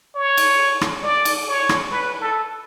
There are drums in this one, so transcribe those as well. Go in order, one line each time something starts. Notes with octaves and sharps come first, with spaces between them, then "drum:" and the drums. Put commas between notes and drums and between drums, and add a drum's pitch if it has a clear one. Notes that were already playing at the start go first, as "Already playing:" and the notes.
C#5
drum: cymbal
drum: rim click
D5
drum: cymbal
C#5
drum: rim click
B4
A4